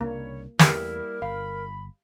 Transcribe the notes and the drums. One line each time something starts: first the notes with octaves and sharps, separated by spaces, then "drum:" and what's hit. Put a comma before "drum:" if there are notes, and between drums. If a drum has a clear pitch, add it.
C2 C#3 G3 A#3 D4 C#5
E2 G3 A3 A#3 E4 G4 A#4 B4, drum: snare
G1 F5 B5